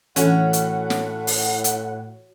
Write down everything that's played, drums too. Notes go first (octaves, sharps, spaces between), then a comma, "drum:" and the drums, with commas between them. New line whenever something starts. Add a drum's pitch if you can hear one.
A2 E3 C#4 F#4 A4 C#5 F#5, drum: hi-hat
drum: hi-hat
drum: snare
drum: open hi-hat
drum: hi-hat